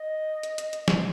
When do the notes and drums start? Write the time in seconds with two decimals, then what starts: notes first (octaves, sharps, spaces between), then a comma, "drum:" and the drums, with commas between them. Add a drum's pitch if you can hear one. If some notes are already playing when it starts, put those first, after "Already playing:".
Already playing: D#5
0.43 drum: hi-hat
0.58 drum: hi-hat
0.73 drum: hi-hat
0.88 drum: snare